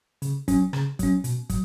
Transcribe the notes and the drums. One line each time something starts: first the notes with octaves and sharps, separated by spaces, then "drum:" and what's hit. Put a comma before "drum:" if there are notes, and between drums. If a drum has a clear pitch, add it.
C#3, drum: hi-hat
F#3 C#4, drum: kick, hi-hat
C#3, drum: rim click
F#3 C#4, drum: kick, hi-hat
B2, drum: hi-hat
F#3, drum: kick, hi-hat